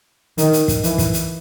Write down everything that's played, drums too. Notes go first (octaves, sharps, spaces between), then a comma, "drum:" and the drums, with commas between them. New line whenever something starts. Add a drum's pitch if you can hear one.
D#3, drum: hi-hat
drum: hi-hat
drum: kick, hi-hat
E3, drum: hi-hat
drum: kick, hi-hat
drum: hi-hat